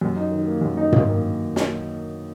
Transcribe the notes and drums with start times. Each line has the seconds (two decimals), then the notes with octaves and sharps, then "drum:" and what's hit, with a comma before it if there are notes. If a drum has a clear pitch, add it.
0.01 F#2
0.16 D#4
0.31 D#3
0.46 A#3
0.61 F#2
0.77 D#4
0.92 D#3, drum: tom
1.07 A#3
1.56 drum: snare